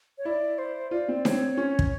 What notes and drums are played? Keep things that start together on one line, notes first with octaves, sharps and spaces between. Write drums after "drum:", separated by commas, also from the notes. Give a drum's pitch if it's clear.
C#5
E4 D5
C5
F4 D5
C4
C4 C#5, drum: snare D4
C#4
drum: kick